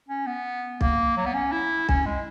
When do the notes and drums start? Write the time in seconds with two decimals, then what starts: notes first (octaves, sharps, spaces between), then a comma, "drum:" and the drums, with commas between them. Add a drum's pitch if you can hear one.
0.09 C#4
0.27 B3
0.81 A#3, drum: kick B1
1.17 F#3
1.26 B3
1.34 C#4
1.52 E4
1.89 C#4, drum: kick B1
2.06 G#3